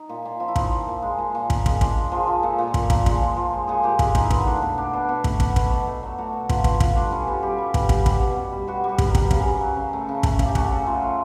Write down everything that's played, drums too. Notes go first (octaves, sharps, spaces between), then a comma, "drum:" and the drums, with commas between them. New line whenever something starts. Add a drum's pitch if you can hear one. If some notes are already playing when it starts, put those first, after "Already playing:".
Already playing: D#4
A#2
A#2
F3 F4
E4
F3 D#4, drum: kick
A#2
A#2
G#3
A#2
A#2
A#2, drum: kick
G#3, drum: kick
G#3 D4, drum: kick
A#2
F3 G#4
F3
A#2 A4
A#2
A#2, drum: kick
A#2, drum: kick
G#3, drum: kick
F3
F3
G#3
A#2 G#4
A#2 G4
G#3 F4, drum: kick
A#2 D#4, drum: kick
E4
B2 D#4, drum: kick
A3 D4
B2
B2 D4
B2
B2
A3, drum: kick
B2, drum: kick
B2, drum: kick
B2
A3
F#3
A3 F#4
B2
B2 F4, drum: kick
B2, drum: kick
B2 F4, drum: kick
G3 D4
B2 C#4
B2 G4
G3 G4
G3
B2, drum: kick
G3, drum: kick
B2, drum: kick
B2
B2
G3
B2 F#4
G3
G4
G3, drum: kick
A#4
B2, drum: kick
C#3, drum: kick
C#3
F#3
C#3
A3
C#3
A3, drum: kick
C#3, drum: kick
G4
A3 F#4, drum: kick
C#3
F#3 F4
A3